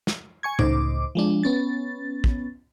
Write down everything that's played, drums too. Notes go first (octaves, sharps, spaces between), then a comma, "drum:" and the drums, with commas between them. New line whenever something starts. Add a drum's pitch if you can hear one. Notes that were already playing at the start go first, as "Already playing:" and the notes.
drum: snare
G#5 C#6 G#6
C#2 A2 D#4 C5 D6, drum: tom
F3 G#3 D4
B3 C#4 A6
drum: kick